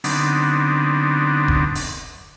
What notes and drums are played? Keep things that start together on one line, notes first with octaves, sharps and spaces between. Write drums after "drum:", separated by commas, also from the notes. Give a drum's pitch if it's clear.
D3 F#3 B3 C4 D4 D#4, drum: open hi-hat
drum: kick F1
drum: open hi-hat